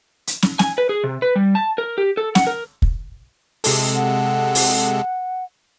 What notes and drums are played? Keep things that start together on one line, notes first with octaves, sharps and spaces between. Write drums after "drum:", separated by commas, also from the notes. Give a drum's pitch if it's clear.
drum: hi-hat
drum: snare
G#5, drum: snare
B4
G#4
C3
B4
G3
A5
A#4
G4
A4
F#5, drum: snare
A#4
drum: kick
C3 G#3 A4, drum: open hi-hat
F#5
drum: open hi-hat